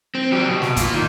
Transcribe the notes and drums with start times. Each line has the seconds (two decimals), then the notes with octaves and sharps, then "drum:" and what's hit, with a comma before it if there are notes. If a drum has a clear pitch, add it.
0.15 C4
0.32 F#3 G4
0.48 B2
0.62 drum: snare
0.76 A#2 F4, drum: kick, hi-hat
0.94 D#3